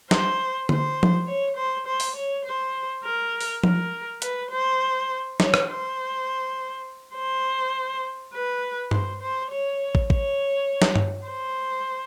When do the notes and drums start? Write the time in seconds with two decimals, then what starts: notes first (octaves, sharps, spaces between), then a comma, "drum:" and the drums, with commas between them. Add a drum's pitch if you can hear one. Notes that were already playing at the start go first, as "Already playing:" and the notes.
0.11 C5, drum: snare
0.69 C5, drum: tom D3
1.03 drum: tom F3
1.27 C#5
1.57 C5
1.87 C5
2.00 drum: open hi-hat
2.16 C#5
2.45 C5
3.04 A#4
3.41 drum: open hi-hat
3.64 A#4, drum: tom F3
4.22 B4, drum: hi-hat
4.51 C5
5.40 C#5, drum: snare
5.54 drum: rim click
5.69 C5
7.15 C5
8.33 B4
8.91 C5, drum: tom G2
9.22 C5
9.50 C#5
9.95 drum: kick
10.10 C#5, drum: kick
10.82 drum: snare
10.96 drum: tom G2
11.27 C5